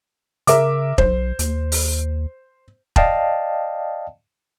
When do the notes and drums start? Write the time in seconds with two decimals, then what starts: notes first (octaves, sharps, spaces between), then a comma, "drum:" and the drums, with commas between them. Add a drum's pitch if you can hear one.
0.47 C#3 A#4 E5 D6, drum: hi-hat
0.98 B1 C5, drum: kick E1
1.39 D#2, drum: hi-hat
1.72 drum: open hi-hat
2.96 D5 D#5 F5 G5 A5, drum: kick E1